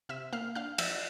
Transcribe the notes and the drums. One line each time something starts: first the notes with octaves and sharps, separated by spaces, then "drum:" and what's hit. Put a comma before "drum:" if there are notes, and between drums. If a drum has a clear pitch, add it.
C3 E5 E6
A#3 F5 F6
D4 F5 F6
F3 E5 E6, drum: cymbal